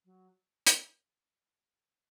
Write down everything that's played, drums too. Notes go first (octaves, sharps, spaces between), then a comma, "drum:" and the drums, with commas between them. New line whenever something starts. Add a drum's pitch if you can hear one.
F#3
drum: hi-hat